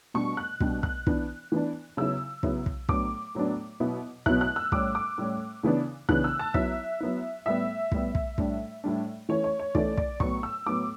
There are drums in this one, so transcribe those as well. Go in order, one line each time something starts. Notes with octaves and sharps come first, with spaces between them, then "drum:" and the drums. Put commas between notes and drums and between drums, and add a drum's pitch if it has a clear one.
B2 G3 D4 C#6
F#6
B2 G3 D4, drum: kick
F#6, drum: kick
E3 B3 D4, drum: kick
E3 B3 D4
C#3 F#3 B3 E4 E6
C#3 F#3 B3 E4, drum: kick
drum: kick
A2 F#3 B3 D4 D6, drum: kick
A2 F#3 B3 D4
B2 F#3 B3 E4
B2 F#3 B3 E4 F#6, drum: kick
F#6
E6
A2 G3 C#4 D6, drum: kick
D6
A2 G3 C#4
C#3 E3 B3 D4
C#3 E3 B3 D4 F#6, drum: kick
E6
A5
F#3 B3 E4 E5, drum: kick
F#3 B3 E4
A2 G3 B3 E5
A2 G3 B3, drum: kick
drum: kick
A2 G3 D4, drum: kick
A2 G3 D4
E3 A3 C#4 E4 C#5
C#5
C#5
E3 A3 C#4 E4 D5, drum: kick
D5, drum: kick
A2 F#3 B3 C#6, drum: kick
E6
A2 F#3 B3 D6